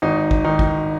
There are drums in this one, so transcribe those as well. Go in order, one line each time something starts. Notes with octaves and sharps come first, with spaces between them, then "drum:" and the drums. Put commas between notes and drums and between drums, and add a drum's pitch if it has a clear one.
G#1 D#4
drum: kick
D#3 D#4
drum: kick